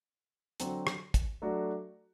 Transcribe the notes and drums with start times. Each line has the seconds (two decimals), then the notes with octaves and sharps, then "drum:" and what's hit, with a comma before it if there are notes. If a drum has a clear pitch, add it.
0.60 D3 F#3 C4 F#4, drum: hi-hat
0.87 drum: rim click
1.14 drum: kick, hi-hat
1.42 F#3 A3 D4 F#4